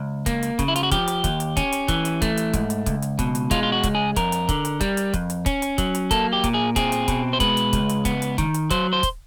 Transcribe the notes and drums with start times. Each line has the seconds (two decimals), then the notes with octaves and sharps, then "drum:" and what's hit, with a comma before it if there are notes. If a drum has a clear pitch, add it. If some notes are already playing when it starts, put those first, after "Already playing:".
Already playing: C#2
0.26 A#3, drum: kick, hi-hat
0.43 drum: hi-hat
0.59 C#3, drum: kick, hi-hat
0.68 E4
0.76 F4, drum: hi-hat
0.83 F#4
0.91 F3 G4, drum: kick, hi-hat
1.08 drum: hi-hat
1.24 D#2, drum: kick, hi-hat
1.40 drum: hi-hat
1.57 C#4, drum: kick, hi-hat
1.72 drum: hi-hat
1.88 E3, drum: kick, hi-hat
2.05 drum: hi-hat
2.22 A3, drum: kick, hi-hat
2.37 drum: hi-hat
2.53 G#2, drum: kick, hi-hat
2.70 drum: hi-hat
2.86 C#2, drum: kick, hi-hat
3.02 drum: hi-hat
3.19 B2, drum: kick, hi-hat
3.35 drum: hi-hat
3.51 G#3 F4, drum: kick, hi-hat
3.63 F4
3.72 F#4
3.83 C#2, drum: kick, hi-hat
3.95 G#4
4.16 F2 A#4, drum: kick, hi-hat
4.32 drum: hi-hat
4.49 D3, drum: kick, hi-hat
4.65 drum: hi-hat
4.81 G3, drum: kick, hi-hat
4.97 drum: hi-hat
5.14 F2, drum: kick, hi-hat
5.30 drum: hi-hat
5.46 C#4, drum: kick, hi-hat
5.62 drum: hi-hat
5.78 F#3, drum: kick, hi-hat
5.95 drum: hi-hat
6.11 A#3 A4, drum: kick, hi-hat
6.33 G4
6.44 A#2, drum: kick, hi-hat
6.54 G#4
6.76 C4 G#4, drum: kick, hi-hat
6.92 drum: hi-hat
7.08 B2, drum: kick, hi-hat
7.33 C5
7.40 G#3 B4, drum: kick, hi-hat
7.57 drum: hi-hat
7.73 C#2, drum: kick, hi-hat
7.89 drum: hi-hat
8.05 B3, drum: kick, hi-hat
8.22 drum: hi-hat
8.38 D#3, drum: kick, hi-hat
8.54 drum: hi-hat
8.70 F#3 C5, drum: kick, hi-hat
8.93 C5
9.03 drum: kick, hi-hat